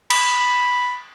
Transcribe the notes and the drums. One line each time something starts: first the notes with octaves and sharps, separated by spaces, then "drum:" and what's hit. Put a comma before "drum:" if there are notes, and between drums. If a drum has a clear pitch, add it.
B5, drum: cymbal